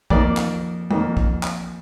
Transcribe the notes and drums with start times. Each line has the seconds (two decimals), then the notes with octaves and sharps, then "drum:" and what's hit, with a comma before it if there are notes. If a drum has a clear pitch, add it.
0.10 F2 D#3 A#3 D5, drum: kick
0.37 drum: clap
0.91 F2 D#3 A#3, drum: tom
1.17 drum: kick
1.43 drum: clap